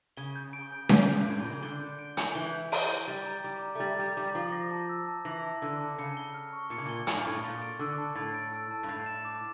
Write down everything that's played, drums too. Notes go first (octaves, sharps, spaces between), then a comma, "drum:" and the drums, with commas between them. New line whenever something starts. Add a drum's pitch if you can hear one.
C#3 G7
G6
D7
G6
G7, drum: snare C#4
G6
G2
A2 D7
A#2
G6
C#3
D3 G7
G6
D7
G6, drum: hi-hat
E3 G7
G6
D7, drum: open hi-hat
G6
G3 A6
A#5
G3 D6
A#5
A3
G3 A6
G3 A#5
G3 D6
F3 A#5
A#6
A5
E6
A5
E3 A#6
A5
D3 E6
A5
C#3 C#7
G7
F6
C#6
A#2 C#7
C#3
A#2 G7
A2 F6, drum: hi-hat
G2
A2 C#6
A#2 A6
D7
D3 E6
A5
A2 A6
D7
E6
A5
G2
A2 A6
E7
D6